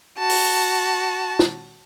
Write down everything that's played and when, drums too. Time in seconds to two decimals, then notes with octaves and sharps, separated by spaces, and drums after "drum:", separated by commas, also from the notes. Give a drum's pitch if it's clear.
0.19 F#4 A5
0.29 drum: open hi-hat
1.39 drum: snare